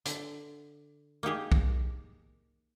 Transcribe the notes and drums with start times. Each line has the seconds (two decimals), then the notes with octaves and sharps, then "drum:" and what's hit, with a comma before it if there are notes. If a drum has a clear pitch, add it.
0.05 D3, drum: hi-hat
1.23 A#3 D#4 G4 G#4
1.52 drum: kick B1